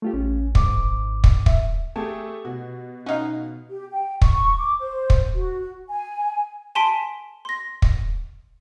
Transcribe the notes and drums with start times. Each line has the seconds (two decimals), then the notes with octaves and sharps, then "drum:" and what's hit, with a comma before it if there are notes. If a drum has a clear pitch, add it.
0.02 A3 F4 G4
0.14 A1 C#4
0.55 G#2 D6, drum: kick
0.77 G#1
1.24 drum: kick
1.46 E5, drum: kick
1.96 A3 G4 G#4 A5
2.45 B2 F#4
3.06 C#4 D#4 F5 F#5
3.69 G4
3.91 G5
4.22 C#6, drum: kick
4.58 D6
4.80 C5
5.10 drum: kick
5.32 F#4
5.89 G#5
6.75 G#5 A5 C6 B6 D7
7.45 C6 A#6
7.82 drum: kick